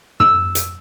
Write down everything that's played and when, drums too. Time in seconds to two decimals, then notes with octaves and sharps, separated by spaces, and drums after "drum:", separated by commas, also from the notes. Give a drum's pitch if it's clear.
0.20 E6, drum: tom
0.55 drum: hi-hat